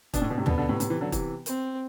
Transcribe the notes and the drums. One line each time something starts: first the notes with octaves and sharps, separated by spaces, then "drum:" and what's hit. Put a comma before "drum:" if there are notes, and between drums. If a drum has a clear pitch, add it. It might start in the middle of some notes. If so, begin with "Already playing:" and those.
B2 D4, drum: kick, hi-hat
A2
B2
A2 C3
B2 D3 B3, drum: tom
B2 D3
A2 C3
A2 C3, drum: hi-hat
C3 E3
D3 F#3
C3 E3, drum: kick, hi-hat
C4, drum: hi-hat